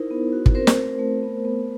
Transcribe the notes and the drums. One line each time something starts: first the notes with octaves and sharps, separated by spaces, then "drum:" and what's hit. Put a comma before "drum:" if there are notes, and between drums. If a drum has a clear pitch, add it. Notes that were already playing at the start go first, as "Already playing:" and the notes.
Already playing: D#4 E4 A#4 C5
B3
F#4
drum: kick
C4 A#4 C5
drum: snare
A3
A3
B3
B3